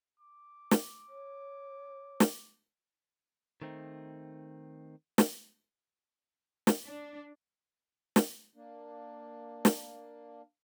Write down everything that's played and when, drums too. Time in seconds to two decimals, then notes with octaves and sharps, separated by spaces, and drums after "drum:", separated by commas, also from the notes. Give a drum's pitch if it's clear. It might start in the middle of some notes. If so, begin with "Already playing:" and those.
0.19 D6
0.71 drum: snare
1.09 C#5
2.20 drum: snare
3.62 D#3 A3 C4 D#4
5.18 drum: snare
6.67 drum: snare
6.86 D4
8.16 drum: snare
8.54 A#3 D4
9.65 drum: snare